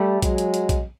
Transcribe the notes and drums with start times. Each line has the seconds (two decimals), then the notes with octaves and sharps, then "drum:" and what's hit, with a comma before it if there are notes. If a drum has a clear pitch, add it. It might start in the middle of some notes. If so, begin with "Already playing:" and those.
Already playing: G3 A3
0.22 F#3 G#3, drum: kick A#1, hi-hat
0.38 drum: hi-hat
0.54 drum: hi-hat
0.69 drum: kick A#1, hi-hat